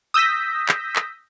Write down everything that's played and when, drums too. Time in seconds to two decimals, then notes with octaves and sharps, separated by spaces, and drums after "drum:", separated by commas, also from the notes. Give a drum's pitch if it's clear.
0.14 D#6 E6 G6 A#6 B6
0.69 drum: clap
0.96 drum: clap